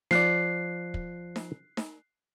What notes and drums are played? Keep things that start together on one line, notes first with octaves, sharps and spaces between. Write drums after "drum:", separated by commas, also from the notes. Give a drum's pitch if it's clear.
F3 D5 F#6 C7, drum: snare D#4
drum: kick
drum: snare D#4
drum: snare D#4